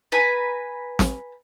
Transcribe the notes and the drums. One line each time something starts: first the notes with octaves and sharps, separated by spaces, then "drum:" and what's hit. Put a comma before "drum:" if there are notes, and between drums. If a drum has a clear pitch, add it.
B4 G#5 A#5
drum: snare